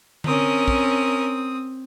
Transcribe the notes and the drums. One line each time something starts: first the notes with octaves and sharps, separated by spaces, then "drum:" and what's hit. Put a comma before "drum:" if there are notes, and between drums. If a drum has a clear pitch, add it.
C4 C#4 A#4 D#6, drum: tom D3
drum: kick